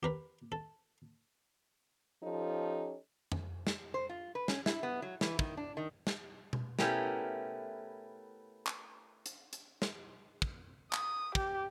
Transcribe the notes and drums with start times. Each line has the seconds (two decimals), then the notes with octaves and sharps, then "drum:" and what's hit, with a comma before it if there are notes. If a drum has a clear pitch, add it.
0.03 G4 A#4 B4
0.52 A4
2.23 F3 C#4 D#4 G4 A4
3.32 drum: tom F2
3.67 drum: snare
3.94 C5
4.09 F4
4.35 B4
4.48 C#4, drum: snare
4.66 E4, drum: snare
4.83 B3
5.02 F#3
5.21 E3, drum: snare
5.39 D#3, drum: kick
5.57 D4
5.77 D#3
6.07 drum: snare
6.53 drum: tom B2
6.79 A3 B3 C#4 E4 G4 A#4, drum: snare
8.67 drum: clap
9.26 drum: hi-hat
9.53 drum: hi-hat
9.82 drum: snare
10.42 drum: kick
10.93 D#6, drum: clap
11.35 G4, drum: kick